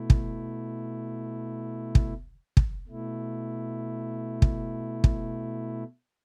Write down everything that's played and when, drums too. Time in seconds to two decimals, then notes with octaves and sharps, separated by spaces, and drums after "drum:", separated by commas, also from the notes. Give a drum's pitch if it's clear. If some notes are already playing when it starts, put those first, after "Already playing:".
Already playing: B2 A3 E4
0.10 drum: kick
1.95 drum: kick
2.57 drum: kick
2.88 B2 A3 E4
4.42 drum: kick
5.04 drum: kick